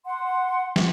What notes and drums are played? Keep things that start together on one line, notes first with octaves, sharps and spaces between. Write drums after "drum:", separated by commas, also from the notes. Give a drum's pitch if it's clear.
F#5 C6
drum: snare